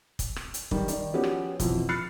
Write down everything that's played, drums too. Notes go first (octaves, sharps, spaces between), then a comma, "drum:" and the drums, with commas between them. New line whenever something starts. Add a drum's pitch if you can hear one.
drum: kick, hi-hat
drum: rim click
drum: hi-hat
D#3 G3 A#4, drum: kick
D#3 D5, drum: hi-hat
F3 B3 C#4 F#4 G4
drum: rim click
F2 B2 E3 F3, drum: kick, hi-hat
B5 F6 F#6 A6 C7 C#7